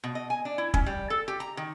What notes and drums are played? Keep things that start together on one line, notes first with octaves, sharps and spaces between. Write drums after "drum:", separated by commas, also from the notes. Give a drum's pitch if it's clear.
B2
D#5
G#5
D4
E4
C#4, drum: kick
G3
A4
G4
A#5
D#3